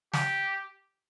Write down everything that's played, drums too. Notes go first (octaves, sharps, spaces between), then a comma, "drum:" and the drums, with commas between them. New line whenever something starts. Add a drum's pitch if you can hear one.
G4, drum: snare